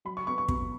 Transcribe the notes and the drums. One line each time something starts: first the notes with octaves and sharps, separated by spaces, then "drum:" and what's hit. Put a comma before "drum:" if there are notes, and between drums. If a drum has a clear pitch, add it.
F#3 B5
C#6
B3 C#6
C#6
B2, drum: kick